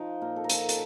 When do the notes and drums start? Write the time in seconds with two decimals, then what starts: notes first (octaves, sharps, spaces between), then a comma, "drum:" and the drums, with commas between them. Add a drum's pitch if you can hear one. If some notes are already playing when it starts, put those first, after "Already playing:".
Already playing: F3 D#4
0.22 A#2 A#4
0.36 A4
0.44 A#4
0.49 F3 A4, drum: hi-hat
0.69 drum: hi-hat